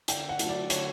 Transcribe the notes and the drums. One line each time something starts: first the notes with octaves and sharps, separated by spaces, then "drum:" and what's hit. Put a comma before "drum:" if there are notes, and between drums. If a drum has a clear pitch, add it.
D3 G5, drum: hi-hat
F#5
F#3 A3, drum: hi-hat
D5
D3 C#5, drum: hi-hat